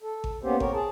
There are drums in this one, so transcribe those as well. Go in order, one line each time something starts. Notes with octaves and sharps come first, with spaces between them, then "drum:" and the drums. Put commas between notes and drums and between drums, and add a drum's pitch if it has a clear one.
A4
drum: kick G#1
A#3 B3 C#4 G4 C5
A2 C4 A#4 C#5, drum: kick G#1
G#4 A5